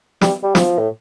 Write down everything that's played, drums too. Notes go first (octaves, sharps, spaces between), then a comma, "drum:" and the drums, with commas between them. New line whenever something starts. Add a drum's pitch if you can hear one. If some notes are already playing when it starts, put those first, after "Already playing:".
G3, drum: snare
G3
F3, drum: snare
A2